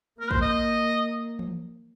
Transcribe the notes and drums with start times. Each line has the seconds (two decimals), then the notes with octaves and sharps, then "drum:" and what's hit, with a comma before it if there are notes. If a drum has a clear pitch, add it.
0.20 A#3 A#4
0.31 C5, drum: kick
0.42 D#5
1.39 drum: tom E3